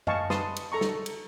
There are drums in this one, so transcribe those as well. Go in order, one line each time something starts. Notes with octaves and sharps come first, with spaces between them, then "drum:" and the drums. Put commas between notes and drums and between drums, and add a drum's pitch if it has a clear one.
D#5 F5 G#5 A5 C#6, drum: tom F#2
B4 A5 C6 D#6, drum: snare
drum: cymbal
A4 A#5 C#6
drum: snare
drum: cymbal